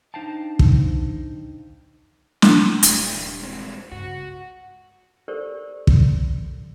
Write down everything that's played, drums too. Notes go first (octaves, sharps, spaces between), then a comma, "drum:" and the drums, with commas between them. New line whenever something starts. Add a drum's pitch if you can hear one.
D4 D#4 C5 F5 G5 A5
drum: kick
drum: snare
D#1 E3 D4 E4 G4, drum: hi-hat
G2 G#3 C4
G2 C#3 F#4
G4 A4 A#4 C5 D5
drum: kick